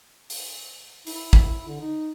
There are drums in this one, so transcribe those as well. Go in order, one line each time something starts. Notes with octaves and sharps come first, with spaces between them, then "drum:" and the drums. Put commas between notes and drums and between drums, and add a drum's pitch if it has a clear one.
drum: open hi-hat
E4, drum: open hi-hat
drum: kick
D3
D#4